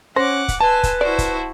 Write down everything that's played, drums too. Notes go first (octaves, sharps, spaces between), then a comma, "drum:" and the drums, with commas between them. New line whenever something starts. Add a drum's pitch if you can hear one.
C#4 C5 F#5 D6 A#6
drum: kick C#1, hi-hat
B4 G#5 A5 C6 E6
drum: kick C#1, hi-hat
E4 F#4 C5 D5
drum: kick C#1, hi-hat